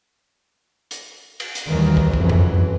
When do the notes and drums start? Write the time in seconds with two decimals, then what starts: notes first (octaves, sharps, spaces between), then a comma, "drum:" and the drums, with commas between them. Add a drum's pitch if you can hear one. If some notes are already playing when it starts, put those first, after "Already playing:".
0.91 drum: hi-hat
1.40 drum: cymbal
1.55 drum: hi-hat
1.67 D#2 D#3 E3 F#3 G3
1.97 drum: kick
2.14 F#1 F2 E3 F#3, drum: kick
2.29 drum: tom G#2